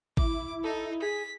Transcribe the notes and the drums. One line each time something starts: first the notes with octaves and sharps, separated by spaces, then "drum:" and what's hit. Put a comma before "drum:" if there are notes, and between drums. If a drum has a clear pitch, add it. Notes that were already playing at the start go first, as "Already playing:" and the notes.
E4 D6, drum: kick
D#4 A4
G#4 B6